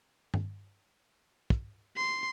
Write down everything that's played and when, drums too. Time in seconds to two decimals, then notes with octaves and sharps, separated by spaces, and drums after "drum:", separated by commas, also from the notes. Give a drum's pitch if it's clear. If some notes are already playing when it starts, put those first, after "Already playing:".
0.34 drum: tom G2
1.50 drum: kick
1.97 C6